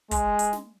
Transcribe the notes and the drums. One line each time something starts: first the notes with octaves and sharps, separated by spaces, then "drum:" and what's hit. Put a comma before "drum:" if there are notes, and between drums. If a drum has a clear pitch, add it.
G#3, drum: kick, hi-hat
drum: hi-hat
drum: snare